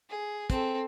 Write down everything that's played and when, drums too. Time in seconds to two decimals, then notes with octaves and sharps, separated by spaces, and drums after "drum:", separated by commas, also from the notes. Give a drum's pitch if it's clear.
0.10 G#4
0.50 C4 A4, drum: kick, hi-hat